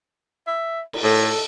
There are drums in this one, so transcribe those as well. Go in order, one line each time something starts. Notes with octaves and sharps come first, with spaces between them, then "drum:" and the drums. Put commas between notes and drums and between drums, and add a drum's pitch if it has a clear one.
E5
drum: cymbal
A2 A4